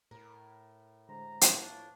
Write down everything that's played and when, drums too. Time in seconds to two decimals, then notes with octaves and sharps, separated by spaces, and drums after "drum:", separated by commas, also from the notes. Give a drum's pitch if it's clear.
0.11 A2 A#4
1.09 D3 G#3 C5 A#5
1.41 drum: hi-hat
1.53 F3 A3 A#3 C#4 D4 E4 B4